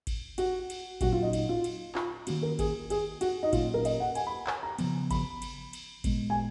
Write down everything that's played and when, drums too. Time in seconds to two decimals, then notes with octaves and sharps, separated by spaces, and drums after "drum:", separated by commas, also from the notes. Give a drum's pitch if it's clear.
0.07 drum: kick G#1, cymbal
0.38 F#4, drum: cymbal
0.70 drum: cymbal
1.01 A#2 F#3 C#4 F#4, drum: kick G#1, cymbal
1.12 F4
1.22 D#4
1.33 D#4, drum: cymbal
1.49 F4
1.64 drum: cymbal
1.95 F4, drum: clap
2.27 D#3 A#3 C#4 F#4, drum: cymbal
2.43 A#4
2.59 G#4, drum: kick G#1, cymbal
2.90 G#4, drum: cymbal
3.21 F#4, drum: cymbal
3.43 D#4
3.53 A#2 F#3 A#3 C#4 F4, drum: kick G#1, cymbal
3.74 A#4
3.85 D#5, drum: cymbal
4.00 F#5
4.15 G#5, drum: cymbal
4.27 B5
4.47 G#5, drum: clap
4.63 A#5
4.78 C#3 F3 B3, drum: cymbal
5.11 B5, drum: kick G#1, cymbal
5.42 drum: cymbal
5.73 drum: cymbal
6.04 A#2 G#3 B3, drum: kick G#1, cymbal
6.30 G#5